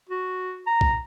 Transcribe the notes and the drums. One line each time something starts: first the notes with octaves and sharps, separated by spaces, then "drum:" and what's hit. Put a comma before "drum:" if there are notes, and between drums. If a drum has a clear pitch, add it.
F#4
A#5
drum: kick B1